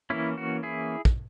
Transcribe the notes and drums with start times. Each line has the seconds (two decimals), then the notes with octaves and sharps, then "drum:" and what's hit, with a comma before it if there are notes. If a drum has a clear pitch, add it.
0.10 E3 A#3 C#4 E4
0.38 F#4
0.63 E4 G#4
1.05 drum: kick